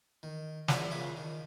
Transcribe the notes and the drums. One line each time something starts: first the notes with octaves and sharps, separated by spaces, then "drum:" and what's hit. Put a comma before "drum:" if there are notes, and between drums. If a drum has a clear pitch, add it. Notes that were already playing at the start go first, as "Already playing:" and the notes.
D#3
A#1 E2 F#3 D4 D5 E5, drum: snare
C#3 A#3 C#4 F4 E5
D#3